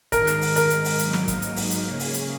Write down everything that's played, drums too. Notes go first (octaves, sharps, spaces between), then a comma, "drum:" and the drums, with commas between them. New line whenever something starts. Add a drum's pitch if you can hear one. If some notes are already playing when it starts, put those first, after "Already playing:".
G#2 D#3 G#3 A#4, drum: kick, hi-hat
drum: hi-hat
drum: open hi-hat
A#4, drum: hi-hat
drum: hi-hat
drum: open hi-hat
G#2 F#3 A#3 D#4, drum: hi-hat
drum: snare
drum: kick, hi-hat
drum: hi-hat
drum: open hi-hat
drum: hi-hat
C#3 A#3 C#4 G#4
drum: open hi-hat
drum: hi-hat